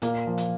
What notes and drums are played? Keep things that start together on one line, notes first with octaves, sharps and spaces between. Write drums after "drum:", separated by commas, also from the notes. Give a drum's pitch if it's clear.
A#2 A#3, drum: hi-hat
F3
drum: hi-hat